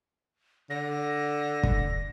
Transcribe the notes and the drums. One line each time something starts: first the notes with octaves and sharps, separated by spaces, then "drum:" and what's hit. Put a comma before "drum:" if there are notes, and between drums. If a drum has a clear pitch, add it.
D3 A#6
drum: kick